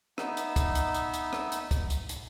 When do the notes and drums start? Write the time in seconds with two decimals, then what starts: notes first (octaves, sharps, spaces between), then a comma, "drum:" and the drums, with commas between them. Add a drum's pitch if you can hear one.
0.18 B3 D#4 E5, drum: rim click
0.37 drum: hi-hat
0.56 drum: kick C#2, hi-hat
0.75 drum: hi-hat
0.94 drum: hi-hat
1.14 drum: hi-hat
1.33 drum: rim click
1.52 drum: hi-hat
1.71 drum: kick C#2, hi-hat
1.90 drum: hi-hat
2.09 drum: hi-hat